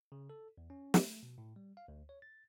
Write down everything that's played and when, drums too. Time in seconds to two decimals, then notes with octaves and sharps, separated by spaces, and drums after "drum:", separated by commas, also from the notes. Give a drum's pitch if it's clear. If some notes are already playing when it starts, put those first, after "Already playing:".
0.12 C#3
0.30 A4
0.58 E2
0.70 C#4
0.94 A3, drum: snare
1.23 B2
1.38 A2
1.56 G3
1.77 F5
1.88 D2
2.09 C#5
2.22 A6